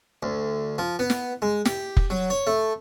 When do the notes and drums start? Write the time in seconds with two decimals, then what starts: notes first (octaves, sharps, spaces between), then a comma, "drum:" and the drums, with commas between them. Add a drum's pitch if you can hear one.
0.23 D2
0.78 F3
0.99 B3
1.10 drum: snare
1.42 G#3
1.65 G4, drum: snare
1.97 drum: kick F1
2.10 F#3
2.30 C#5
2.47 A3